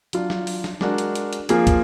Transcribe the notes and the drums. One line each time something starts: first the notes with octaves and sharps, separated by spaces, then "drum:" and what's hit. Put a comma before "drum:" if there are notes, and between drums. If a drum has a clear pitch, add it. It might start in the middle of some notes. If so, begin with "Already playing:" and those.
F#3 D4 F4, drum: hi-hat
drum: snare
drum: open hi-hat
drum: snare
G#3 D4 F#4 A#4, drum: snare
drum: hi-hat
drum: hi-hat
drum: hi-hat
F3 A#3 F4 G#4, drum: hi-hat
drum: kick, hi-hat